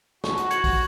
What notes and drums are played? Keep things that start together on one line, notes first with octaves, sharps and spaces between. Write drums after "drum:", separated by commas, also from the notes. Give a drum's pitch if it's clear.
F#4 C#6, drum: snare
drum: hi-hat
G#6 C#7 F#7, drum: hi-hat
drum: kick, open hi-hat